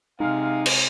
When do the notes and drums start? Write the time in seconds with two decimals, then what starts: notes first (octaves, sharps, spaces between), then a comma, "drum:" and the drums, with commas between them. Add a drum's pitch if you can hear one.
0.20 C3 G#3 D#4 F5
0.66 drum: cymbal